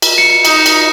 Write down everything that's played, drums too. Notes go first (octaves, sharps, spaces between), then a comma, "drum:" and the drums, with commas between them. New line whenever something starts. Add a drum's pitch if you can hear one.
drum: cymbal
C#7
D#4, drum: cymbal
drum: cymbal